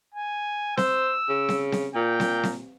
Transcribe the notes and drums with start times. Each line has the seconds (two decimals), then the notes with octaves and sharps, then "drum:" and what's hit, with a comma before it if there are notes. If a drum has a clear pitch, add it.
0.14 G#5
0.77 C5 E6, drum: snare C4
1.29 C#3
1.49 drum: snare C4
1.72 drum: snare C4
1.95 A#2 G5
2.20 drum: snare C4
2.43 drum: snare C4